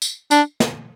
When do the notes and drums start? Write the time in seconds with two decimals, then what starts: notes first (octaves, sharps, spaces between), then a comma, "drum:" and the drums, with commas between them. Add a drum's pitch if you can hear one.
0.02 drum: tambourine
0.31 D4, drum: tambourine
0.60 drum: snare